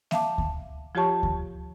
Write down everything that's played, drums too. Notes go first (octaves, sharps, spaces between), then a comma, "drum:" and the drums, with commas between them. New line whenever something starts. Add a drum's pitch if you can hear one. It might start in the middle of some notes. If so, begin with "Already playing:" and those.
E5 F5 A5 D6, drum: snare A#3
drum: kick D2
F3 F4 G4 C#5 A5 C#6
drum: kick D2